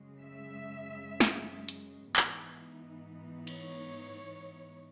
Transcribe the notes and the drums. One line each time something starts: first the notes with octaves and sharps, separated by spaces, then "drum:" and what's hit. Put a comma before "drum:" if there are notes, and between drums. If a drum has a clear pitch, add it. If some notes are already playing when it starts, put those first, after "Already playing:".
Already playing: F#2 C#3 G#3
E5
drum: snare
drum: hi-hat
G#2 E3 B3 D#4, drum: clap
C#5, drum: cymbal